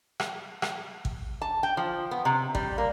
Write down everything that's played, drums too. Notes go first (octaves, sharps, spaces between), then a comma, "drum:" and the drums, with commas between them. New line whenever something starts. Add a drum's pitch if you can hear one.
drum: rim click
drum: rim click
drum: kick G#1
A5
G5
F3
B3
C3
G3, drum: kick G#1
A#3